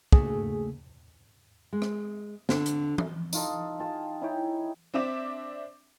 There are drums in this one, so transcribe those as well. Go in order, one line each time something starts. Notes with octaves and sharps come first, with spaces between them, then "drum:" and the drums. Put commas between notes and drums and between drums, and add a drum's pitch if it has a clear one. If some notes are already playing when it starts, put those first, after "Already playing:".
C#3 A3 A#3 D4 F#4 G#4, drum: kick
G#3
drum: rim click
D3, drum: snare
drum: hi-hat
drum: tom E3
D#4 F4 A4 D#5, drum: tambourine
F4 G#4 G5 A5
D#4 E4 C#5 G5
C4 D4 E5 D6 E7